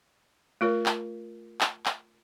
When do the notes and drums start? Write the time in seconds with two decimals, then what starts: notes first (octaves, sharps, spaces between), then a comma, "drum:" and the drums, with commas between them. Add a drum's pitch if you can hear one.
0.61 A3 F4 A#4 C#5
0.86 drum: clap
1.61 drum: clap
1.86 drum: clap